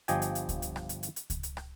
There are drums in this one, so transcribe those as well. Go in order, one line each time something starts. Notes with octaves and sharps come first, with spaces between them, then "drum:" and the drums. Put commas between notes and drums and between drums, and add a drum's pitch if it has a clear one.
G1 F3 G4 D#5 G5 G#5, drum: hi-hat
drum: hi-hat
drum: hi-hat
drum: kick C#2, hi-hat
drum: hi-hat
drum: rim click
drum: hi-hat
drum: hi-hat
drum: hi-hat
drum: kick C#2, hi-hat
drum: hi-hat
drum: rim click